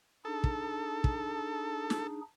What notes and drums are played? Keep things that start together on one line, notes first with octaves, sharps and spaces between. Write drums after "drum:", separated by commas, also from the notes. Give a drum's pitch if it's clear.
D4 D#4 G#4 A4
drum: kick
drum: kick
drum: snare